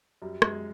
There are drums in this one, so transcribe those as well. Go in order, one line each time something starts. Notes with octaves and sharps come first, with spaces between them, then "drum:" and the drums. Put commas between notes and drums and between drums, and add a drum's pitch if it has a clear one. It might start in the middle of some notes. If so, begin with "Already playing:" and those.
F#2 G3
F#2 G#3, drum: rim click